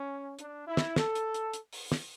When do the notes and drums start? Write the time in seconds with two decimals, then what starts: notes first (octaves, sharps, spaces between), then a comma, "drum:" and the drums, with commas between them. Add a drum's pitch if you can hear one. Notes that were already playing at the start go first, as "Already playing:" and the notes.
Already playing: C#4
0.39 D4, drum: hi-hat
0.67 E4
0.77 drum: snare
0.96 A4, drum: snare
1.15 drum: hi-hat
1.34 drum: hi-hat
1.53 drum: hi-hat
1.73 drum: open hi-hat
1.92 drum: snare